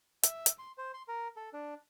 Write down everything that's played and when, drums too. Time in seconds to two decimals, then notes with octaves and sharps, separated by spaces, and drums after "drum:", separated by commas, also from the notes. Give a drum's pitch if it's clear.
0.23 E5, drum: hi-hat
0.46 drum: hi-hat
0.59 C6
0.78 C5
0.94 C6
1.08 A#4
1.36 A4
1.53 D4